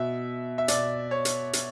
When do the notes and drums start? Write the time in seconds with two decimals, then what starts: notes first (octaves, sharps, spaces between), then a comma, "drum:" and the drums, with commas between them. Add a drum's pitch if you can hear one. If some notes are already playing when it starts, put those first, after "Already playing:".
Already playing: B2 E5
0.58 E5
0.68 B2 D5, drum: hi-hat
1.11 C#5
1.25 drum: hi-hat
1.53 drum: hi-hat